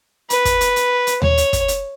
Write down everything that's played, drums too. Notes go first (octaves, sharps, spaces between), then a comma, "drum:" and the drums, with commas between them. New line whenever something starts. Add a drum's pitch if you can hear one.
B4, drum: hi-hat
drum: kick, hi-hat
drum: hi-hat
drum: hi-hat
drum: hi-hat
C#5, drum: tom D#2
drum: hi-hat
drum: kick, hi-hat
drum: hi-hat